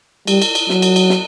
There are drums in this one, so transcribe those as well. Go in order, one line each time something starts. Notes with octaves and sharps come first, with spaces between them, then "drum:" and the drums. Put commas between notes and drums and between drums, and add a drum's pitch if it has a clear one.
G3, drum: cymbal
drum: cymbal
drum: cymbal
F#3, drum: snare
drum: cymbal
drum: cymbal
drum: snare